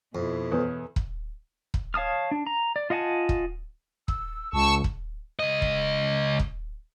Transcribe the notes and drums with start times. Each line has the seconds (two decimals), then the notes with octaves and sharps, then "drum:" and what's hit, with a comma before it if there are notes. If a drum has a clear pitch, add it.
0.15 F2 B2 E4
0.52 E2 A4 B4 C#5
0.96 drum: kick
1.74 drum: kick
1.94 C#5 F5 A5 D#6 F6
2.31 D4
2.47 A#5
2.76 D5
2.90 F4 D#5 F#5 G#5 A5
3.29 drum: kick
4.08 E6, drum: kick
4.53 C#2 A5 C#6 E6
4.84 drum: kick
5.39 C#2 D#5
5.62 drum: kick
6.39 drum: kick